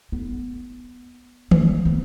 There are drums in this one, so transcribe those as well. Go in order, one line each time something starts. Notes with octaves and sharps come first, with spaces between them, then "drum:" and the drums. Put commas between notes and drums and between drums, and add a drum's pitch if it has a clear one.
B3
A#3, drum: tom D#3
B3